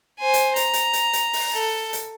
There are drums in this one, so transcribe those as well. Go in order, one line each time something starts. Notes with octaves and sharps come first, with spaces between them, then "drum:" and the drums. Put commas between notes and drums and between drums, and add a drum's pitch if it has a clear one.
C5 G#5
drum: hi-hat
A#5, drum: hi-hat
drum: hi-hat
drum: hi-hat
drum: hi-hat
drum: open hi-hat
A4
drum: hi-hat